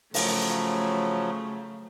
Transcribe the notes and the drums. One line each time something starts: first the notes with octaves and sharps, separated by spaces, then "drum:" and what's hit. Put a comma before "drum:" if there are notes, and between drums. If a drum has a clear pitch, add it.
C#3 F3 F#3 A3, drum: open hi-hat